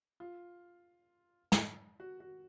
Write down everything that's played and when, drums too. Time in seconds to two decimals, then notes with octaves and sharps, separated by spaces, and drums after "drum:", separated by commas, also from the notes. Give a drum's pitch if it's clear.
0.20 F4
1.52 drum: snare
2.00 F#4
2.20 F#4